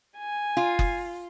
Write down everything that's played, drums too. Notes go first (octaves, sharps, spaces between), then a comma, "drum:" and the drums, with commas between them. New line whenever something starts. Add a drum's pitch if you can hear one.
G#5
F4
drum: kick F#1